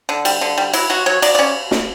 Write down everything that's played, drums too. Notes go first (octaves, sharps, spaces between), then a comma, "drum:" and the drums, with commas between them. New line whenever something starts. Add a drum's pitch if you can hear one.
D3
G3, drum: cymbal
D3
G3
F#3 E4, drum: cymbal
F#3 F#4
F#3 C#5
F#3 D5, drum: cymbal
D5
C#4
drum: snare